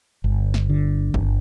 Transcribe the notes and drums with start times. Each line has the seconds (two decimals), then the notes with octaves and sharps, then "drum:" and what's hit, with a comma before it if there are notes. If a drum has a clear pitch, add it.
0.24 G1
0.54 drum: snare
0.69 D3
1.14 G1, drum: kick G#1